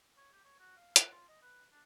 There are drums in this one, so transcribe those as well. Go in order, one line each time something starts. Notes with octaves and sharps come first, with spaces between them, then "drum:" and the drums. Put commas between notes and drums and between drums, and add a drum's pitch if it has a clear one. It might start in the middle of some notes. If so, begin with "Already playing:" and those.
C#5
G4
C#5
F#4
F5
F#5, drum: hi-hat
F4
D#5
B4
D4